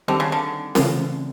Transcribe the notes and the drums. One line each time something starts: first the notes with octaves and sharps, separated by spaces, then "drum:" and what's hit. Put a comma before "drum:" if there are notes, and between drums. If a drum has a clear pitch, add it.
D3 D#3 G3 C4
C#3
D3
C#3 E3 A3 C4 F4, drum: snare C#4